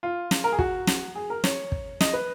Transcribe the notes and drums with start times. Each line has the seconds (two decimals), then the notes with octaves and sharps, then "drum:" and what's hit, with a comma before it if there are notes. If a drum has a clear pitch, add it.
0.03 F4
0.31 drum: snare
0.44 A#4
0.52 G#4
0.59 F#4, drum: kick
0.87 drum: snare
1.15 G#4
1.30 A#4
1.44 C#5, drum: snare
1.72 drum: kick
2.01 D#5, drum: snare
2.13 B4